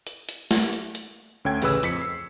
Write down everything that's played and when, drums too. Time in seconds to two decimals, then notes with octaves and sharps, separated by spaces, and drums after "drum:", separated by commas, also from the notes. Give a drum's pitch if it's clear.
0.07 drum: hi-hat
0.29 drum: hi-hat
0.51 drum: snare
0.73 drum: hi-hat
0.95 drum: hi-hat
1.45 D2 C#4 A4 G5 G#6
1.62 A1 C#3 B4 E6, drum: open hi-hat
1.83 F2 B6 C#7, drum: hi-hat
2.01 C7